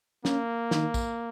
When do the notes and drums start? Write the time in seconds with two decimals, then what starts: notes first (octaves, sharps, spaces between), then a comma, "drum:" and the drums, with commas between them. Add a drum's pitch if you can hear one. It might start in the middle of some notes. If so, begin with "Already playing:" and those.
0.25 A#3 C#4, drum: snare
0.71 D#3, drum: snare
0.94 drum: kick A#1, tambourine